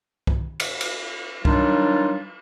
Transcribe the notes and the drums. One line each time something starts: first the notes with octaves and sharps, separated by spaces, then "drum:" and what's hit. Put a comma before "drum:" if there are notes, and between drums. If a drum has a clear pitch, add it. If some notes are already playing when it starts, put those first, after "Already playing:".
drum: kick C2
drum: cymbal
drum: cymbal
D#3 F#3 G3 D4 D#4 F4, drum: kick C2